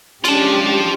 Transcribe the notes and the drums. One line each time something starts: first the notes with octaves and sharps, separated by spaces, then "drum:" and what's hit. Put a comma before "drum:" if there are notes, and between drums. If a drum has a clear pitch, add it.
G#3 C#4 D4 F4 G4 A5, drum: cymbal